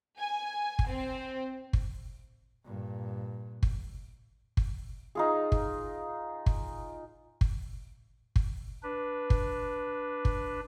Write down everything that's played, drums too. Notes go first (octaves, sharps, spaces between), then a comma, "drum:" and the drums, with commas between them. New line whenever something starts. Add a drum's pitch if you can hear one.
G#5
drum: kick
C4
drum: kick
G2 A#2
drum: kick
drum: kick
D#4 F4 G#4
drum: kick
drum: kick
drum: kick
drum: kick
D4 B4
drum: kick
drum: kick